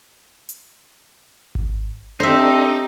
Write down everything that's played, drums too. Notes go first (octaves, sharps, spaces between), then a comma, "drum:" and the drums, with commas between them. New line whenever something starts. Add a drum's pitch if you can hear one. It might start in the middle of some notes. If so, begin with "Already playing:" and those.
drum: hi-hat
drum: kick G#1
C4 D4 D#4 G4 A4 C5 E5